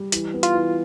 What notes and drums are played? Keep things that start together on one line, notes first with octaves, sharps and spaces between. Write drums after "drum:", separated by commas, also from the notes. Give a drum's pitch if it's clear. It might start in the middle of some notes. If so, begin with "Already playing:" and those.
Already playing: G3
E3, drum: hi-hat
B3
F4, drum: hi-hat
E3